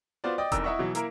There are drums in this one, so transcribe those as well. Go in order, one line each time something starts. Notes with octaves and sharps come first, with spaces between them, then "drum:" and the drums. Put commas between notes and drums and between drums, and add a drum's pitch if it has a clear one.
B3 F4 F#4 C5 D5
D5 D#5 G5
F1 E2 D#4 A#4 E6, drum: kick E1, hi-hat
E4 D#5 E5 F#5 C#6
B2 E3 F#3
A#3 E4 A#4, drum: hi-hat